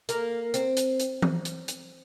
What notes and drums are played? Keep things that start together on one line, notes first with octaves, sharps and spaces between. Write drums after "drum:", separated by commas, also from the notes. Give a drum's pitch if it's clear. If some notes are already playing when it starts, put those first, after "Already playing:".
A#3, drum: hi-hat
C4, drum: hi-hat
drum: hi-hat
drum: hi-hat
drum: tom E3
drum: hi-hat
drum: hi-hat